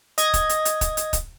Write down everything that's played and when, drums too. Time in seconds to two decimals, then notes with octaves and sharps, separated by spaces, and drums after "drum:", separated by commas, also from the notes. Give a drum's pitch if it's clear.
0.18 D#5 G#6 A#6, drum: hi-hat
0.34 drum: kick, hi-hat
0.49 drum: hi-hat
0.65 drum: hi-hat
0.81 drum: kick, hi-hat
0.97 drum: hi-hat
1.13 drum: kick, hi-hat